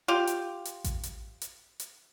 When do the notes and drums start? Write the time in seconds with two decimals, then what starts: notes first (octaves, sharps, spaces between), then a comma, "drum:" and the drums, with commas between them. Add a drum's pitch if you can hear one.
0.08 F4 G4
0.27 drum: hi-hat
0.65 drum: hi-hat
0.84 drum: kick A1, hi-hat
1.03 drum: hi-hat
1.41 drum: hi-hat
1.80 drum: hi-hat